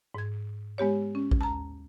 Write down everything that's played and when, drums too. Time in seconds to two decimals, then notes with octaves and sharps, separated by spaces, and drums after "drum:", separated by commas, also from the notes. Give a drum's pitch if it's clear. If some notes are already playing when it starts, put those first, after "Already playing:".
0.15 G#2 G#6
0.78 G#3 B3 G4 C#5
1.15 C#4
1.31 drum: kick A1
1.41 A5 A#5